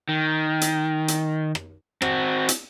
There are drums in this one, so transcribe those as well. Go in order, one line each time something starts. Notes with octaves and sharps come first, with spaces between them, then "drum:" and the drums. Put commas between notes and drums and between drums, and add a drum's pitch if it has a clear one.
D#3
drum: hi-hat
drum: hi-hat
drum: rim click
C4 F#4, drum: rim click
drum: hi-hat